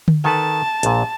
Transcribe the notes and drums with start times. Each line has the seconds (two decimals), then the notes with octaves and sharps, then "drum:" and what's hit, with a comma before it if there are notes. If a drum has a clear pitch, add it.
0.08 drum: tom D3
0.25 D#3 A4 B4 A5
0.83 A#1 A#2, drum: hi-hat